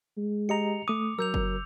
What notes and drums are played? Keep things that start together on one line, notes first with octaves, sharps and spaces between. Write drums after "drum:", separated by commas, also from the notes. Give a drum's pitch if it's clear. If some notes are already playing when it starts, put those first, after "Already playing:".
G#3
G4 D#5 A#5 C#7 F7
A3 D6 D#6
F#3 A#4 E6 G6 F7
drum: kick F#1